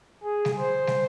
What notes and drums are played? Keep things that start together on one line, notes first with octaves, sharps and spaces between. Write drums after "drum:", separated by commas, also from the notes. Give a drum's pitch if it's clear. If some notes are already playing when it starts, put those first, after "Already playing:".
G#4
drum: snare
C5
drum: snare